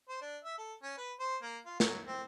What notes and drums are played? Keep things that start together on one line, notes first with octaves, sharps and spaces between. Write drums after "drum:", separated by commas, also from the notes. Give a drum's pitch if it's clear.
C5
D4
E5
A4
C#4
B4
C5
A#3
F4
F#3, drum: snare
C4